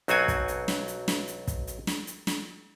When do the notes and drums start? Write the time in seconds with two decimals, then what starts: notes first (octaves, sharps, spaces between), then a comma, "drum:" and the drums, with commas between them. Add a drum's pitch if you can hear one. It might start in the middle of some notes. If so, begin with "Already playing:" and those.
0.08 B1 F#3 C4 F#4 G#5, drum: hi-hat
0.28 drum: kick, hi-hat
0.48 drum: hi-hat
0.68 drum: snare
0.88 drum: hi-hat
1.08 drum: snare
1.28 drum: hi-hat
1.47 drum: kick, hi-hat
1.67 drum: hi-hat
1.87 drum: snare
2.07 drum: hi-hat
2.27 drum: snare